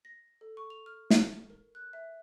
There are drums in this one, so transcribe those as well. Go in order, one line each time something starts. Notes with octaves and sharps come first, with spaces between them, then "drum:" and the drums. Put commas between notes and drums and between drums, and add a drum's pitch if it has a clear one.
A#6
A4
C#6
F7
F6
drum: snare
A#4
F#6
E5